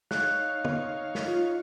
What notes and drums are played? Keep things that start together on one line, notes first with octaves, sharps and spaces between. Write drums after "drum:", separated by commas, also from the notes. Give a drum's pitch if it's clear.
D#4 C#5 F5 F#6, drum: snare
drum: tom
drum: snare
F4